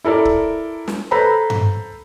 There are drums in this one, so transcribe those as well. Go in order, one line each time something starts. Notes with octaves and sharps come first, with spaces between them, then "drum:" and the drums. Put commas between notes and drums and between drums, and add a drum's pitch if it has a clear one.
E4 A4 A#4 D5
drum: kick
drum: snare
A4 B4 C5 A#5 B5
drum: tom G2